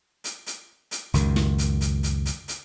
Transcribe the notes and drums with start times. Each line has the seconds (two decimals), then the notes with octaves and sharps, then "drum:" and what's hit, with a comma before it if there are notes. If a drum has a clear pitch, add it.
0.24 drum: hi-hat
0.47 drum: hi-hat
0.91 drum: hi-hat
1.14 C#2 F#2 D#3, drum: hi-hat
1.36 drum: snare
1.58 drum: hi-hat
1.81 drum: hi-hat
2.03 drum: hi-hat
2.26 drum: hi-hat
2.48 drum: hi-hat